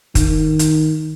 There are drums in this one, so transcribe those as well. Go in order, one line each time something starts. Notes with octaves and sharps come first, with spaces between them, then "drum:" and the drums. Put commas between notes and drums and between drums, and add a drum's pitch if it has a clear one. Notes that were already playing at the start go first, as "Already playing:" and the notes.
D#3, drum: kick, hi-hat
drum: hi-hat